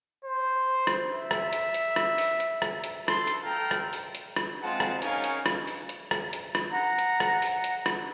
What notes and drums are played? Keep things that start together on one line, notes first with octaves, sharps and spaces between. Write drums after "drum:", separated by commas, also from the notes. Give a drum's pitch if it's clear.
C5
drum: rim click
E5
drum: rim click
drum: hi-hat
drum: hi-hat
drum: rim click
drum: open hi-hat
drum: hi-hat
drum: rim click
drum: hi-hat
A4 C6, drum: rim click
drum: hi-hat
A4 F5 G5 A#5
drum: rim click
drum: open hi-hat
drum: hi-hat
drum: rim click
G#3 C4 F4 F#5 A5
drum: rim click
C#4 D#4 A#4 C#5 F5 G#5, drum: hi-hat
drum: hi-hat
drum: rim click
drum: open hi-hat
drum: hi-hat
drum: rim click
drum: hi-hat
drum: rim click
F#5 A#5
drum: hi-hat
drum: rim click
drum: open hi-hat
drum: hi-hat
drum: rim click